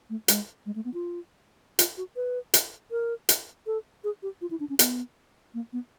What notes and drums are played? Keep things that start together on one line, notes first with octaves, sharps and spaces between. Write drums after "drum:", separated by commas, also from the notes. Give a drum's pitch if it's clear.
A3
G#3, drum: hi-hat
G#3
A3
B3
F4
F4, drum: hi-hat
F#4
B4
drum: hi-hat
A#4
drum: hi-hat
A4
G#4
G4
F4
E4
D4
C#4
B3, drum: hi-hat
A#3
B3